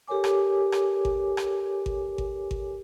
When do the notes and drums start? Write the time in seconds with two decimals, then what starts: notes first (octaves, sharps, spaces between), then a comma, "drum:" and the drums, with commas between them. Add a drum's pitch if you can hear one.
0.07 G4 A4 A#4 C#5 G#5 D6
0.24 drum: rim click
0.72 drum: rim click
1.05 drum: kick G#1
1.37 drum: rim click
1.86 drum: kick G#1
2.18 drum: kick G#1
2.51 drum: kick G#1